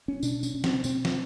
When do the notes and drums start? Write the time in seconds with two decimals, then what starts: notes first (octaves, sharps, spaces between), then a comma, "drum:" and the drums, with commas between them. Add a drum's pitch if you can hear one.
0.08 C#4
0.23 B2 D4, drum: tambourine
0.43 C#4, drum: tambourine
0.54 B2
0.64 C4, drum: snare
0.84 B2 C4, drum: tambourine
1.05 drum: snare